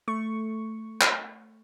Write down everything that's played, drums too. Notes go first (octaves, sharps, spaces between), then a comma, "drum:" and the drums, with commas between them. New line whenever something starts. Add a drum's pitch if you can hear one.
A3 C#6
drum: clap